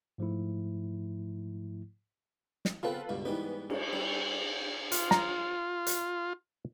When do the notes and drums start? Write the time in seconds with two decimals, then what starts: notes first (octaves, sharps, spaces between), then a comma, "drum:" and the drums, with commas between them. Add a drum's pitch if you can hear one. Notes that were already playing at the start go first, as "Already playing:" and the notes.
0.18 G#2 F3 A3 E4
2.65 drum: snare
2.83 C#3 B3 C4 F4 A4 B4
3.09 C#2 G2 B2
3.25 G#2 E3 G3 B3 D#4
3.70 D4, drum: cymbal
3.93 G3
4.92 F4, drum: hi-hat
5.11 A#5, drum: snare
5.87 drum: hi-hat